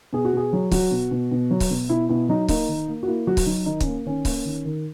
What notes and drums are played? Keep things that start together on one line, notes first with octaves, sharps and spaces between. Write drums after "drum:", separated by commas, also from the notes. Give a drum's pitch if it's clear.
B2 G#4
F#4
B2 G#4
F#3
F#3 F#4, drum: kick C#1, open hi-hat
B2
B2
B2
F#3
drum: kick C#1, open hi-hat
B2
B2 E4
B2 E4
F#3 D#4
A#3 D#4, drum: kick C#1, open hi-hat
D#3
A#3
F#4
A#3 E4
F#3 F#4
drum: kick C#1, open hi-hat
F#3 D#4
D#3 D#4
C#4, drum: kick C#1, hi-hat
A#3
D#3 C#4
A#3, drum: kick C#1, open hi-hat
D#3
D#3